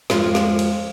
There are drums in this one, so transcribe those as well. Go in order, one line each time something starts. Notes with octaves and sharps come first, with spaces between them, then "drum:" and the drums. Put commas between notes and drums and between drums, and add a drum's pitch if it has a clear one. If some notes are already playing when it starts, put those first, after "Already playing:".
F2 G#3 F4, drum: snare
drum: snare
drum: cymbal